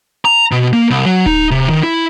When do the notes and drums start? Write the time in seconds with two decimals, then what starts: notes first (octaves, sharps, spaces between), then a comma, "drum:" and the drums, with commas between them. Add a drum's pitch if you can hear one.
0.25 A#5
0.52 B2
0.73 A#3
0.90 C2
1.06 F#3
1.26 D#4, drum: kick D1
1.51 C3
1.70 D#3
1.83 E4